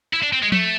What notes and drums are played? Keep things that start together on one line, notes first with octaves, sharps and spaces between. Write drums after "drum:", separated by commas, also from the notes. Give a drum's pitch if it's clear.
E4
D4
C4
G#3
A3, drum: tom F3